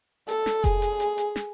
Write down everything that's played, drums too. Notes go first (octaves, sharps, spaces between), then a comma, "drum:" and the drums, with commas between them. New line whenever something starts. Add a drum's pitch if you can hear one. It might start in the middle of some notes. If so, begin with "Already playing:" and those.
A4, drum: hi-hat
drum: snare
G#4, drum: kick F1, hi-hat
drum: hi-hat
drum: hi-hat
drum: hi-hat
drum: snare